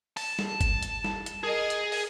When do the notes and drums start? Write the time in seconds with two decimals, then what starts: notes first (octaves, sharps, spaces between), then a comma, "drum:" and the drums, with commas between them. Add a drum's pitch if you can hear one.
0.17 A5, drum: open hi-hat
0.39 drum: snare
0.61 drum: kick, hi-hat
0.83 drum: hi-hat
1.04 drum: snare
1.26 drum: hi-hat
1.44 G#4 A#4 D#5
1.70 drum: hi-hat
1.92 drum: open hi-hat